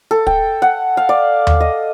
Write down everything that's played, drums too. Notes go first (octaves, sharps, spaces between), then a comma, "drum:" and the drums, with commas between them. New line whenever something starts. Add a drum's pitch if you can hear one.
A4
G5, drum: kick
F#5
F5
D5
drum: tom D#2
D#5